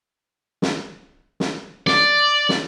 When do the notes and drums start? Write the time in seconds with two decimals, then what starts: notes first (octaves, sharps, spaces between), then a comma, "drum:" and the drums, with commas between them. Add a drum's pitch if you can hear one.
0.62 drum: snare
1.40 drum: snare
1.87 D5, drum: snare
2.49 drum: snare